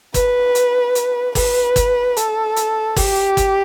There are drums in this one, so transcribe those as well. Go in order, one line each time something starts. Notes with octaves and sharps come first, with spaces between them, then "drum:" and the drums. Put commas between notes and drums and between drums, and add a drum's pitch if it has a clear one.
B4, drum: kick G1, hi-hat
drum: hi-hat
drum: hi-hat
B4, drum: kick G1, open hi-hat
drum: kick G1, hi-hat
A4, drum: hi-hat
drum: hi-hat
G4, drum: kick G1, open hi-hat
drum: kick G1, hi-hat